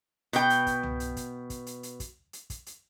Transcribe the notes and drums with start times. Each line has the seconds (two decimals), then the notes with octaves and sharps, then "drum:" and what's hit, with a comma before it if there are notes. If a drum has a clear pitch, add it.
0.33 B2 G5, drum: hi-hat
0.50 drum: hi-hat
0.67 drum: kick, hi-hat
0.83 drum: tom C2
1.00 drum: hi-hat
1.17 drum: kick, hi-hat
1.50 drum: kick, hi-hat
1.67 drum: hi-hat
1.83 drum: hi-hat
2.00 drum: kick, hi-hat
2.33 drum: hi-hat
2.50 drum: kick, hi-hat
2.66 drum: hi-hat